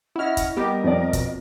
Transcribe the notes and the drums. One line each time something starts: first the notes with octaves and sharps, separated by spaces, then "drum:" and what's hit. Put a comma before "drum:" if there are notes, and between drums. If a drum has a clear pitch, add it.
C#4 E4 D#5 F#5 F6
drum: kick, hi-hat
G3 B3 G4 A#4 D#5
F2 D5
B2, drum: kick, hi-hat